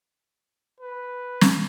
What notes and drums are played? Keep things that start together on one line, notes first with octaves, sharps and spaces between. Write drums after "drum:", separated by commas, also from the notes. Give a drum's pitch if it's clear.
B4
drum: snare